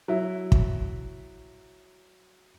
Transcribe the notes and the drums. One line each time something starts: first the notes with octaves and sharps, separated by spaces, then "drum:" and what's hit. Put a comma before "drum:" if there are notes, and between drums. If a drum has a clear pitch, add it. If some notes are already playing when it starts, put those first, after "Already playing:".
F#3 E4
drum: kick